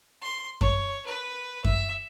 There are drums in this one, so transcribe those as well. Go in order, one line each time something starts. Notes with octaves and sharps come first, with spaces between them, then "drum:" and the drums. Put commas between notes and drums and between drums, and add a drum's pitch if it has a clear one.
C6
C#5, drum: kick F#2
B4
E5, drum: kick F#2